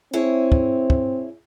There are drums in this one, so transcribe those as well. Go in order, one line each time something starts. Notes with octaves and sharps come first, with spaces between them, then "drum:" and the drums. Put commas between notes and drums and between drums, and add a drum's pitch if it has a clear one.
C4 E4 G#4 C#5
drum: kick
drum: kick